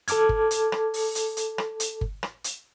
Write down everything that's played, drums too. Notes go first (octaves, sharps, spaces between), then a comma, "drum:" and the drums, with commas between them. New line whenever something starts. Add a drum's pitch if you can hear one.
A4 A5 D6 F6 G#6, drum: hi-hat
drum: kick G1
drum: hi-hat
drum: rim click
drum: open hi-hat
drum: hi-hat
drum: hi-hat
drum: rim click
drum: hi-hat
drum: kick G1
drum: rim click
drum: hi-hat